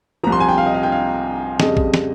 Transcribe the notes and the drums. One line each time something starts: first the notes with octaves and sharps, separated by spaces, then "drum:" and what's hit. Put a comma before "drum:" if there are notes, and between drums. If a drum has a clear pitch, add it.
C2 C3 F3 A#5
C6
G#5
G5
F5
D#5
F5
G5
F5
F2 C#3 G3 D#5, drum: snare
drum: kick A1
drum: snare